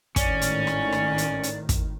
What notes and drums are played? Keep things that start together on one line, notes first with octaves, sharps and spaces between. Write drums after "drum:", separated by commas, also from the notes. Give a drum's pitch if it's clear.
G#1 A2 D#3 C#4 D5, drum: kick, hi-hat
drum: hi-hat
drum: rim click
drum: rim click
drum: hi-hat
drum: hi-hat
drum: kick, hi-hat